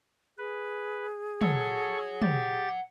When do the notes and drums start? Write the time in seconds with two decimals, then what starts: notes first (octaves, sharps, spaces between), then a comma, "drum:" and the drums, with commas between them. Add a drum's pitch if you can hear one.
0.38 G#4 B4
1.41 A4 C#5 F#5 C#6, drum: tom
2.22 G4 A6, drum: tom